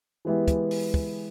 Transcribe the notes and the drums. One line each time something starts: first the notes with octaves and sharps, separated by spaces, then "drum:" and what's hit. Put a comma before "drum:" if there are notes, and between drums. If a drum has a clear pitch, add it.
E3 G#3 B3 E4 G4
drum: kick, hi-hat
drum: open hi-hat
drum: kick